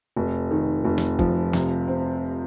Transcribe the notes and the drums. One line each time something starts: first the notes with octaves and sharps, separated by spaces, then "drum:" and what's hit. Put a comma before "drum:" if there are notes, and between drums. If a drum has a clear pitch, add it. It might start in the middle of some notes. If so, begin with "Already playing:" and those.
F1
D#3
F1
drum: snare
F3, drum: kick
C3, drum: snare
C4